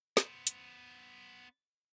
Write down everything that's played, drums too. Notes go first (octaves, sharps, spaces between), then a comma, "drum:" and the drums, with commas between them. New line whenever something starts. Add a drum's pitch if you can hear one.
B3 C5, drum: snare
drum: hi-hat